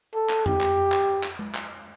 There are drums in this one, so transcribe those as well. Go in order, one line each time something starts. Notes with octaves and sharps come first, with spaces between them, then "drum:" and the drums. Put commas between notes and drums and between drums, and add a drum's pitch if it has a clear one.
A4
drum: clap
G4, drum: tom F2
drum: clap
drum: clap
drum: clap
drum: tom G#3
drum: clap